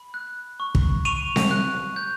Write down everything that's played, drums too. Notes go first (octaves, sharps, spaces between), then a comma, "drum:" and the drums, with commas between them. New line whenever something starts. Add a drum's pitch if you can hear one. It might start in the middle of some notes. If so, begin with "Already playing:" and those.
Already playing: B5
F#6
C#6
drum: kick
C#6 D#7 F7
drum: snare C4
F#6
G6